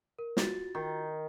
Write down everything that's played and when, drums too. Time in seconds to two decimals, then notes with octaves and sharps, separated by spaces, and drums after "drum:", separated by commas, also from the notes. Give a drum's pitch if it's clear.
0.19 A#4
0.37 F4 F#4 A6, drum: snare
0.75 D#3